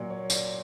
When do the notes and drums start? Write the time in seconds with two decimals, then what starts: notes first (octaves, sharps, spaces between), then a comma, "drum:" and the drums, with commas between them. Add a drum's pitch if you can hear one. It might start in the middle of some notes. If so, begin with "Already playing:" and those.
Already playing: A#2 F#3 D5
0.10 C#5
0.30 D5, drum: tambourine